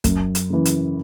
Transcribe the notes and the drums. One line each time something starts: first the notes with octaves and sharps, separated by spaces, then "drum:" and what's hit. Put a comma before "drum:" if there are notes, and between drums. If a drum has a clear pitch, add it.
F#2, drum: kick, hi-hat
drum: hi-hat
C#3 E3
drum: hi-hat